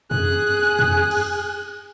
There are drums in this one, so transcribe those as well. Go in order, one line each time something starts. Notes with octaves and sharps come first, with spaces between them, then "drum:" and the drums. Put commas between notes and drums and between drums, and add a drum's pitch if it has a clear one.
G#4 F#6, drum: tom F2
drum: tom F2
drum: cymbal